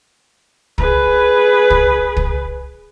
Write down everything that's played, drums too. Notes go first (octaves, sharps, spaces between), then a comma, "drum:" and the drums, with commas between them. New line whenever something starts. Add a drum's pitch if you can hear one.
G#4 B4, drum: kick
drum: kick
drum: kick